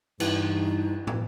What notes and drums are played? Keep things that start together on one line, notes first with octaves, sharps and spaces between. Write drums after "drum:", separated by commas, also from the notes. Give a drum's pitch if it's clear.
G2 E3 D#4, drum: cymbal
drum: tom